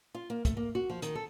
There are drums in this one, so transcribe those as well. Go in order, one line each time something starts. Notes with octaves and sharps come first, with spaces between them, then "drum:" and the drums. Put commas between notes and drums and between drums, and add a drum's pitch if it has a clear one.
F4
A#3
A3, drum: kick, hi-hat
A#3
F#4
F3
D#3, drum: hi-hat
A4